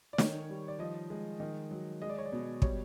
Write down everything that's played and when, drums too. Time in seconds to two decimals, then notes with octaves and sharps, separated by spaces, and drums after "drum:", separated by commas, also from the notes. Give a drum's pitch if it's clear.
0.13 D5
0.18 D#3 C#5, drum: snare
0.50 G3
0.68 D5
0.79 F3 D#5
1.10 G#3
1.40 D#3
1.71 F#3
2.02 G#3 D#5
2.09 D5
2.18 C#5
2.26 D5
2.32 B2
2.62 G3 C#5, drum: kick